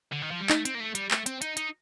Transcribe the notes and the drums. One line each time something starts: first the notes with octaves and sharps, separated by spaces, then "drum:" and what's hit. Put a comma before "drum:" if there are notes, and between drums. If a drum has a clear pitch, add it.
D3
D#3
F3
G3
A3 D#4, drum: clap
C4, drum: hi-hat
A#3
A3
G3, drum: hi-hat
A3, drum: clap
C4, drum: hi-hat
D#4, drum: hi-hat
D#4, drum: hi-hat